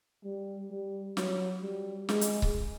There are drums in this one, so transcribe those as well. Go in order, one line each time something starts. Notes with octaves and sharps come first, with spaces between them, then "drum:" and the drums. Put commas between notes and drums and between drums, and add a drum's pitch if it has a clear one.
G3
G3
F#3, drum: snare
G3
G#3, drum: snare
drum: hi-hat
drum: kick C#1